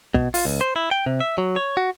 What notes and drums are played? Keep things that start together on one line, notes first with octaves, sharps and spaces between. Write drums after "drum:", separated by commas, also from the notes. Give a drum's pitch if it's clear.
B2, drum: kick
F4, drum: open hi-hat
C#2
C5
E4
G5
C3
E5
F#3
C#5
F#4